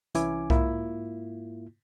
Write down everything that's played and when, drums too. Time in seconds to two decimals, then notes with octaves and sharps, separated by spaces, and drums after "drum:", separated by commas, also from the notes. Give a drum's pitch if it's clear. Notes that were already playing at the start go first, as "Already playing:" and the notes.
0.15 C2 E3 C#4 E4 G#5 D6, drum: hi-hat
0.50 G#2 A#3 E4 F4, drum: kick B1